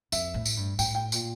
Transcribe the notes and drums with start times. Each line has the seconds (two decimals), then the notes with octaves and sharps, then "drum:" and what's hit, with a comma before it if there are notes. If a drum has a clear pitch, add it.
0.12 F2 E5, drum: tambourine
0.34 A2
0.45 drum: tambourine
0.57 G2
0.79 A2 G5, drum: tambourine
0.95 G5
1.12 A#2, drum: tambourine